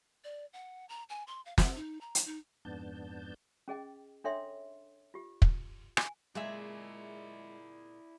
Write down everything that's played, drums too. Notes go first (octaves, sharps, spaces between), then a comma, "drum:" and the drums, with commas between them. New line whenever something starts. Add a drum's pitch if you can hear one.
D5
F#5
A#5
G#5
C6
F5
F#5, drum: snare
D#4
A#5
drum: hi-hat
D#4
F2 G#2 B3 D4 A5 G6
C#4 G#4 D#5 G5
D4 A4 C#5 E5 G5 C6
F4 G4
drum: kick
G#5, drum: rim click
A#2 G#3 E4 G#4 D5 E5